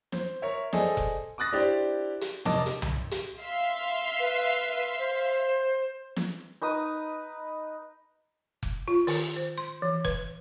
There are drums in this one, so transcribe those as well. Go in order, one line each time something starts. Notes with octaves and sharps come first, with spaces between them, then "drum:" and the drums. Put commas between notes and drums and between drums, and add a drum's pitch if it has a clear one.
C5, drum: snare
A#4 C#5 E5
G#4 A4 C5 D5 D#5, drum: snare
drum: kick F1
D6 D#6 F#6 A6 A#6
D4 E4 G4 C5 D5
drum: hi-hat
F1 A#4 D#5 A5 D6, drum: snare
drum: hi-hat
drum: tom C2
drum: hi-hat
E5 F5 C6
B4
C5
drum: snare
D#4 B4 D#6
drum: kick F1
F4
D#3, drum: open hi-hat
C5
C6
E3
B4, drum: kick F1